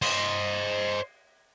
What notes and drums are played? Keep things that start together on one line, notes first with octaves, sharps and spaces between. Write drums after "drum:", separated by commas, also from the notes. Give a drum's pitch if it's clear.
C5 D#5, drum: cymbal